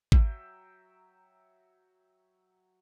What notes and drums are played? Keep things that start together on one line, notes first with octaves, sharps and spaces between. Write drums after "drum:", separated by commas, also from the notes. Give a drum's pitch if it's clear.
F#3 E5 G5, drum: kick